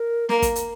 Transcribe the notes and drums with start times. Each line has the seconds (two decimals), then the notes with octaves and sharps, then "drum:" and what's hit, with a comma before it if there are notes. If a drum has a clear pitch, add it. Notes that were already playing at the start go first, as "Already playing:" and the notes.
Already playing: A#4
0.29 A#3, drum: snare
0.42 drum: kick, hi-hat
0.56 drum: hi-hat